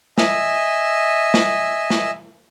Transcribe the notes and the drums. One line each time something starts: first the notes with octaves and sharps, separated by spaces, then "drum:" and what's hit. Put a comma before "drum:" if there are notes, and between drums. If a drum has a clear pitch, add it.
D#5 E5 G#5 E6, drum: snare
drum: snare
drum: snare